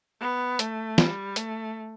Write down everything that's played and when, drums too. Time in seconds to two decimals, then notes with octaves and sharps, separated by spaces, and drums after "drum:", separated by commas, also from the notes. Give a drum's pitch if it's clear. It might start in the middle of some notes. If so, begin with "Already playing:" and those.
0.21 B3
0.59 A3, drum: hi-hat
0.98 G3, drum: snare
1.36 A3, drum: hi-hat